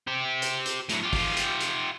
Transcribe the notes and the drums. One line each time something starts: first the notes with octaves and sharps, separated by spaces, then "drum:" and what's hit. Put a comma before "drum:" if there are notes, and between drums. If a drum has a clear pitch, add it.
G4 C5
drum: hi-hat
drum: hi-hat
A2 F#3, drum: hi-hat
F4 G4
drum: kick, open hi-hat
drum: hi-hat
drum: hi-hat